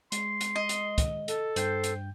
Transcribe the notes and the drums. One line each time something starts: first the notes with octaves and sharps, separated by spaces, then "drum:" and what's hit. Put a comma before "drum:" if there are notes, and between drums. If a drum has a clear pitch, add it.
G#3 C6, drum: hi-hat
drum: hi-hat
D#5
drum: hi-hat
drum: kick, hi-hat
A4, drum: hi-hat
G2 C5 G5 G6, drum: hi-hat
drum: hi-hat